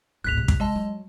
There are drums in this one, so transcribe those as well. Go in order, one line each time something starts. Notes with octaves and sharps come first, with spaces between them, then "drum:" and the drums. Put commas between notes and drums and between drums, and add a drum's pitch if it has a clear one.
D1 G#1 F#6 B6 F7
C2
drum: kick
G#3 D#5 A5
F#3